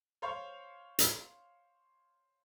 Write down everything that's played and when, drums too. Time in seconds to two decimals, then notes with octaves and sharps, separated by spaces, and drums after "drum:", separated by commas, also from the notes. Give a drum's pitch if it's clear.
0.22 C5 C#5 F5 C6 C#6
0.99 drum: hi-hat